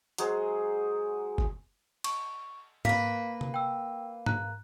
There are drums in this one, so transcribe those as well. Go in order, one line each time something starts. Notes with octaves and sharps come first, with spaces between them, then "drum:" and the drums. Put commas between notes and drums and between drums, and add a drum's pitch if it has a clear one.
F#3 G#3 G#4 C5, drum: hi-hat
drum: kick G1
C#6, drum: cymbal
A#3 B4 F5 B6, drum: tom G#2
drum: tom C3
G5 E6
A#5 F#6, drum: tom G#2